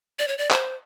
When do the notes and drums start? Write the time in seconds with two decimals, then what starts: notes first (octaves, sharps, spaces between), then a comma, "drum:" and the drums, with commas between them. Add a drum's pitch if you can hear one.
0.19 D5
0.28 C#5
0.38 D5
0.51 C5, drum: clap